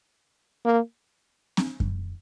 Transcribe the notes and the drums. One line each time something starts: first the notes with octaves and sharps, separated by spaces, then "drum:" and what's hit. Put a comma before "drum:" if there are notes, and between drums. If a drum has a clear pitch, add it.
A#3
drum: snare C4
drum: kick F#2